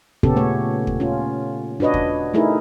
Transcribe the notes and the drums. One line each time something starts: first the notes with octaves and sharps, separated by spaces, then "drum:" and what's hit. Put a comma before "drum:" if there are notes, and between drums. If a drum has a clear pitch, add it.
A#2 C#3 B3 C#4 G4 A4, drum: kick
A3 C#5
drum: kick
C#4 F4
D4 F#4 B4 C#5 D#5
drum: kick
A3 D#4 E4 G#4 A#4